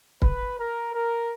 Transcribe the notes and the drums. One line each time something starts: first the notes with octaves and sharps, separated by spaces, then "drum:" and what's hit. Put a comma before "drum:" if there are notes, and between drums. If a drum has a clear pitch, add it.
B4, drum: kick
A#4
A#4